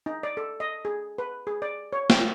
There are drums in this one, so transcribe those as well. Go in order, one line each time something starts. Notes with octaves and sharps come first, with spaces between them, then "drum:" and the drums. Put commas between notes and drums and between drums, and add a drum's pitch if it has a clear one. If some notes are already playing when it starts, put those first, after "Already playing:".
D#4
D5
A4
D#5
G#4
B4
G#4
D5
C#5
G5, drum: snare